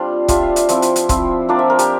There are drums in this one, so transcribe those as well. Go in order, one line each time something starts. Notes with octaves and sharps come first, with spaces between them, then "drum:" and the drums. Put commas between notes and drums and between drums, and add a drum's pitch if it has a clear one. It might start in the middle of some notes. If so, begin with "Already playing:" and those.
Already playing: G3 C4 D4 F4 G4
G3 D4 F4 E5, drum: kick, hi-hat
F5
E5, drum: hi-hat
F3 C4 E4, drum: hi-hat
drum: hi-hat
drum: hi-hat
F3 C4 E4, drum: kick, hi-hat
F3 A#3 D4 D5
E5
A#4
G4, drum: hi-hat